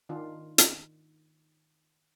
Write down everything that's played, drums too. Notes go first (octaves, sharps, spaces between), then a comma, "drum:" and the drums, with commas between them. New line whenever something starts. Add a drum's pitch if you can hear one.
D#3 D4 F4
drum: hi-hat